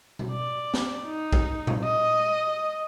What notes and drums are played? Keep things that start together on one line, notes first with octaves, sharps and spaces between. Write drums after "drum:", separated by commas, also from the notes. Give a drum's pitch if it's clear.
drum: tom B2
D5
drum: snare
D#4
drum: kick A#1
drum: tom A#2
D#5